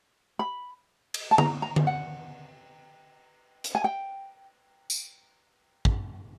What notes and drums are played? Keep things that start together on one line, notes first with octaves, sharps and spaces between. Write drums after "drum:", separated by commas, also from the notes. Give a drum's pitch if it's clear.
B5
drum: cymbal
A5
A#5, drum: tom D3
A#5
drum: tom D3
F#5
drum: hi-hat
G#5
G5
drum: tambourine
drum: kick